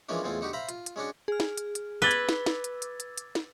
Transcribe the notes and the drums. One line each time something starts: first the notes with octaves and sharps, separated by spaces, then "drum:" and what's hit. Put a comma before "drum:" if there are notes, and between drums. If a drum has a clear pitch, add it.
E3 F3 G#3 A#3 C#4 D4
E2 A2 G#3 C4 F4
D3 D#4 F#4 G4
C5 E5 F5 A#5 B5
F4, drum: hi-hat
drum: hi-hat
G#3 C#4 D4 F#4
G#4 F6
drum: snare
drum: hi-hat
drum: hi-hat
B4 D6 E6 G#6 A6 G7
drum: hi-hat
drum: snare
drum: snare
drum: hi-hat
drum: hi-hat
drum: hi-hat
drum: hi-hat
drum: snare